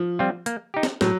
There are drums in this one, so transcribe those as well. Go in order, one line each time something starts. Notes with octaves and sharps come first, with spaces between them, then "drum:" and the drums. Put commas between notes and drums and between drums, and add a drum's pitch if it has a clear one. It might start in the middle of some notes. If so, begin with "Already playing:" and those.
Already playing: F3
G3 C4 F4
A#3, drum: hi-hat
D#4 G4
drum: snare
A2 F#3, drum: snare